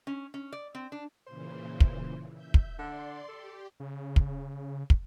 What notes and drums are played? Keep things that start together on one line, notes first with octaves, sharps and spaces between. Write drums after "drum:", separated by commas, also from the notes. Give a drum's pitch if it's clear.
C#4
C#4
D5
C4
D4
A#2 C#3 E3 C5
drum: kick
E5 G6
drum: kick
D3 D5 C6
G4 A4
C#3
drum: kick
drum: kick